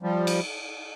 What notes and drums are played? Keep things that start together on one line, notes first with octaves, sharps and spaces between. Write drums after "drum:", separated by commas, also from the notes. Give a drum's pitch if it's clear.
F3 G3
drum: cymbal